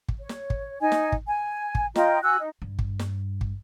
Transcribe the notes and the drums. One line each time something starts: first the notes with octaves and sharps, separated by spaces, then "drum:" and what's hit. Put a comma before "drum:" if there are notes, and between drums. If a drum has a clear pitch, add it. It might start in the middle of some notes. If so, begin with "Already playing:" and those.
drum: kick
C#5
drum: snare
drum: kick
D#4 D#5 G#5
drum: snare
drum: kick
G#5
drum: kick
F4 D#5 G5 A#5, drum: snare
F#4 G#5 E6 F#6
D#4
G2
drum: kick
drum: snare
drum: kick